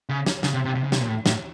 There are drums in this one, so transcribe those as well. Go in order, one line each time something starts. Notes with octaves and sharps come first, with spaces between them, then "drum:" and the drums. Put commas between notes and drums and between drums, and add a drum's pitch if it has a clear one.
C#3
drum: snare
C#3, drum: snare
C3
C3
C3
C#3
C3, drum: snare
A#2
A2
A2, drum: snare